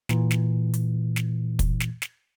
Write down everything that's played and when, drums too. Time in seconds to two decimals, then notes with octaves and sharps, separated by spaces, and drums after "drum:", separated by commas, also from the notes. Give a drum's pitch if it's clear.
0.09 A#2 E3, drum: snare
0.31 drum: snare
0.74 drum: hi-hat
1.16 drum: snare
1.59 drum: kick, hi-hat
1.81 drum: snare
2.02 drum: snare